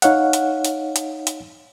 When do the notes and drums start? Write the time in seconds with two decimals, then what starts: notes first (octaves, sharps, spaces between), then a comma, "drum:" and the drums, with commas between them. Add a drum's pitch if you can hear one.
0.02 D#4 C#5 F5 F#5, drum: hi-hat
0.33 drum: hi-hat
0.65 drum: hi-hat
0.96 drum: hi-hat
1.27 drum: hi-hat